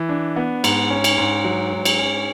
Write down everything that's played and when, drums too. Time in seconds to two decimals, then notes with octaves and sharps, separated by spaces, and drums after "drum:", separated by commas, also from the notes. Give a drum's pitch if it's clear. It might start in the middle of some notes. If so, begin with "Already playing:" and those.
Already playing: E3
0.09 D4
0.36 B3
0.64 G#2, drum: cymbal
0.90 C#4
1.04 drum: cymbal
1.18 G#2
1.45 F#3
1.72 G#2
1.85 drum: cymbal
1.99 C#4